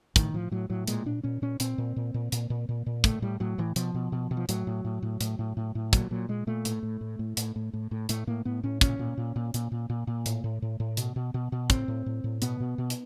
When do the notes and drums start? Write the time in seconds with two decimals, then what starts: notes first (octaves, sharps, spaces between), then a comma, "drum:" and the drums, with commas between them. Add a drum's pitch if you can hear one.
0.16 A2 D#3, drum: kick, hi-hat
0.34 A2 F3
0.51 A2 F#3
0.70 A2 F#3
0.87 A#2 G#3, drum: hi-hat
1.06 A#2 D4
1.23 A#2 C#4
1.42 A#2 C#4
1.60 A#2 C4, drum: hi-hat
1.78 A#2
1.96 A#2
2.14 A#2
2.32 A#2, drum: hi-hat
2.50 A#2
2.69 A#2
2.86 A#2
3.04 A2 A3, drum: kick, hi-hat
3.22 A2 G3
3.40 A2 F#3
3.58 A2 E3
3.76 B2 F3, drum: hi-hat
3.94 B2
4.12 B2
4.31 B2
4.37 F3
4.49 A2 F#3, drum: hi-hat
4.67 A2
4.85 A2
5.02 A2
5.21 A2, drum: hi-hat
5.39 A2
5.57 A2
5.75 A2
5.93 A#2 F#3, drum: kick, hi-hat
6.11 A#2 F#3
6.29 A#2 G#3
6.47 A#2 A3
6.65 A2, drum: hi-hat
6.83 A2
7.01 A2
7.19 A2
7.37 A2, drum: hi-hat
7.56 A2
7.73 A2
7.91 A2
8.09 A2 A3, drum: hi-hat
8.27 A2 A#3
8.45 A2 B3
8.63 A2 C#4
8.81 A#2 C#4, drum: kick, hi-hat
8.99 A#2
9.17 A#2
9.36 A#2
9.54 A#2, drum: hi-hat
9.72 A#2
9.90 A#2
10.07 A#2
10.26 A2, drum: hi-hat
10.44 A2
10.62 A2
10.80 A2
10.97 B2, drum: hi-hat
11.16 B2
11.34 B2
11.52 B2
11.70 A2 C4, drum: kick, hi-hat
11.88 A2
12.06 A2
12.24 A2
12.42 B2 B3, drum: hi-hat
12.60 B2
12.78 B2
12.90 drum: hi-hat